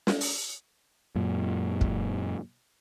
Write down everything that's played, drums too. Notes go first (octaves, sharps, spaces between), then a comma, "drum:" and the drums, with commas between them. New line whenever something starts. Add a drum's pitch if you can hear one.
drum: snare
drum: open hi-hat
F#2 A#2
drum: kick